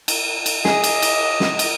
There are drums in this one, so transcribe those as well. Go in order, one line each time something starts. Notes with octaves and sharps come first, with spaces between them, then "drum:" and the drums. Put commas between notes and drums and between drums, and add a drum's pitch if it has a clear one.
drum: cymbal
drum: cymbal
G#4 D#5, drum: snare
drum: cymbal
drum: cymbal
drum: snare
drum: cymbal